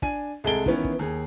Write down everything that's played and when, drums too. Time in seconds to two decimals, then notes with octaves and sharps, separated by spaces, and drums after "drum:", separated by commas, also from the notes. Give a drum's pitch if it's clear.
0.02 D4 G#5 D#7, drum: kick
0.44 C2 G#3 G#4 A4 D7 G7
0.66 D#3 E3 B3 C#4 E4, drum: kick
0.84 drum: kick
0.99 D#2 G#4